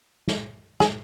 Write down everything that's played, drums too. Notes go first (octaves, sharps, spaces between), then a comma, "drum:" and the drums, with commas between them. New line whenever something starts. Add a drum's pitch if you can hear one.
drum: snare
G#4, drum: snare